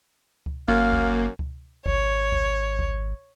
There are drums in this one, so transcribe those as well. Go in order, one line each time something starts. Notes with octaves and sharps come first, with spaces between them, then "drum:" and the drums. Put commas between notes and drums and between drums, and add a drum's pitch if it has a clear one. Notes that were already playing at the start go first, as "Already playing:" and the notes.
drum: kick C#2
G1 F#2 A#3 F5
drum: kick C#2
drum: kick C#2
G#1 C#5, drum: kick C#2
drum: kick C#2
drum: kick C#2